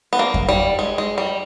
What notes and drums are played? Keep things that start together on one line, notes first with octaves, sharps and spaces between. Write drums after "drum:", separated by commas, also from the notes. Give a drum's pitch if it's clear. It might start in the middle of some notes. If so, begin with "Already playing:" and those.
B3
A#3
drum: kick F2
G3
G#3
G#3
G3